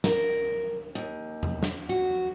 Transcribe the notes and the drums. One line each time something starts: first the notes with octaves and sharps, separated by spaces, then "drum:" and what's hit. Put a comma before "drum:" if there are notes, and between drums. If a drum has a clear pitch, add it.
A#4, drum: snare
D#2
drum: tom E2
drum: snare
F#4